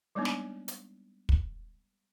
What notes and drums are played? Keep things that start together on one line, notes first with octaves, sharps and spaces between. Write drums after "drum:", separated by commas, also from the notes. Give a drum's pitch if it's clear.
G3 G#3 A#3 B3 D4 D#4
drum: snare
drum: hi-hat
drum: kick